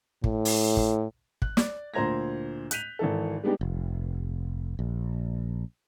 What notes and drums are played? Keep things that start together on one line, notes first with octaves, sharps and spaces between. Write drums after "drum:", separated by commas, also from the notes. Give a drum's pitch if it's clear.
A2, drum: kick
drum: open hi-hat
drum: kick
F#6, drum: kick
D5, drum: snare
D2 A#2 C5 A#5 G#6 A#6
F#6 G6 B6 D#7 F7, drum: hi-hat
G#1 E3 A4
G3 G#3 B3 D4 D#4 G4
F1
A#1